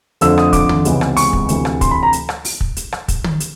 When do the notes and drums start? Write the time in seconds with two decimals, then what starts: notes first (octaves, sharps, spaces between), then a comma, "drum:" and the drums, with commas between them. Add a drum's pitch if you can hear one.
0.21 F2 D3 F3 A3 E6, drum: hi-hat
0.38 D#6, drum: rim click
0.53 D6, drum: kick, hi-hat
0.69 drum: tom
0.85 C#2 C3 E3 G#3 B3, drum: hi-hat
1.01 drum: rim click
1.17 C#6, drum: open hi-hat
1.33 drum: kick
1.49 D2 C3 E3, drum: hi-hat
1.65 drum: rim click
1.81 C6, drum: kick, hi-hat
1.91 B5
2.03 A#5
2.13 drum: hi-hat
2.29 drum: rim click
2.45 drum: open hi-hat
2.61 drum: kick
2.77 drum: hi-hat
2.92 drum: rim click
3.08 drum: kick, hi-hat
3.24 drum: tom
3.40 drum: hi-hat